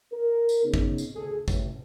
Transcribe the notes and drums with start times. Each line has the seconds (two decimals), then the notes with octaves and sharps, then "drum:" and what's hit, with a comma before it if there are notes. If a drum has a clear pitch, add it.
0.12 A#4
0.49 drum: tambourine
0.63 C#3 B3 C4 D#4
0.74 drum: kick
0.98 drum: tambourine
1.15 D2 G#4 A4
1.48 A1, drum: kick, tambourine